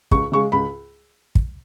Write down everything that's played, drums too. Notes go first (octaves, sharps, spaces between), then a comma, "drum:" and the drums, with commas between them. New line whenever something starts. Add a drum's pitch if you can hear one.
C#2 C#6, drum: kick
C#3 G#3 C#6
C#2 B5
drum: kick